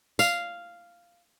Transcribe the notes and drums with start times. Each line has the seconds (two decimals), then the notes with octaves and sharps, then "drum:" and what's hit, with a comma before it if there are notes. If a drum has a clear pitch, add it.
0.19 F5, drum: tambourine